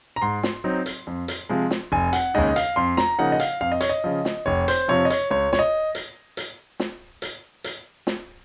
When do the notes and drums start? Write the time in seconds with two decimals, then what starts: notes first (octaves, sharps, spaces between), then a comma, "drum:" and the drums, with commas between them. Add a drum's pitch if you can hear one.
0.16 A#5
0.22 G#2 C6
0.43 drum: snare
0.64 F#3 C4 D#4
0.86 drum: hi-hat
1.07 F2
1.28 drum: hi-hat
1.49 C3 F3 G#3
1.71 drum: snare
1.92 F1 G#5
2.13 F#5, drum: hi-hat
2.34 D#2 C#3 G#3 D#4 D#5
2.56 F5, drum: hi-hat
2.76 F2 C6
2.97 A#5, drum: snare
3.18 C#3 F3 A#3 D#4 F#5
3.32 D#5
3.40 F5, drum: hi-hat
3.61 F2 F5
3.72 D#5
3.81 C#5, drum: hi-hat
3.89 D#5
4.04 C#3 F3
4.25 drum: snare
4.46 F1 C#5
4.68 C5, drum: hi-hat
4.88 F2 C3 F3 C#5
5.05 D#5
5.10 C#5, drum: hi-hat
5.31 C#2 C#5
5.53 C#5, drum: snare
5.59 D#5
5.95 drum: hi-hat
6.37 drum: hi-hat
6.80 drum: snare
7.22 drum: hi-hat
7.64 drum: hi-hat
8.07 drum: snare